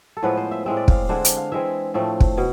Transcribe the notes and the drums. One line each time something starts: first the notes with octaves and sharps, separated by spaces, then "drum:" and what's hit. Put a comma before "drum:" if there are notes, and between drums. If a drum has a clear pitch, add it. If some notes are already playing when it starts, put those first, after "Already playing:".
A4
A2 F3 G#3 B3 B4
C5
E5
A2 G#3 C4 E5
D5
F5, drum: kick
D3 G#3 D4 C5
drum: hi-hat
F5
E3 G#3 C4 E5
A2 F3 A3 C4
drum: kick
B2